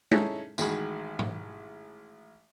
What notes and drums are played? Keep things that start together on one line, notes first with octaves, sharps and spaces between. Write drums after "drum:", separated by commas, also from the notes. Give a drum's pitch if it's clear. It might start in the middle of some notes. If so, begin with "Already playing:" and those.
C#4 D#4 E4 G#4 A4, drum: tom G#3
A1 D#3 G#3 F#4 G#4 B5, drum: tambourine
drum: tom G#2